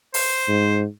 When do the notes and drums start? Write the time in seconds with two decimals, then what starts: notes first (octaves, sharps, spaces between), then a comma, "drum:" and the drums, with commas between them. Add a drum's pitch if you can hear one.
0.14 C5, drum: open hi-hat
0.48 G#2